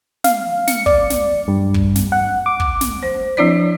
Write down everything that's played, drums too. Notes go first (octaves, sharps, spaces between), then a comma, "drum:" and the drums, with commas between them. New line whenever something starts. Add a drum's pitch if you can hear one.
F5, drum: snare
C#7, drum: snare
D5, drum: kick
drum: snare
G2
drum: kick
drum: snare
F#5
D6
drum: kick
drum: snare
C5
F3 C4 D4 E4 C#5 D5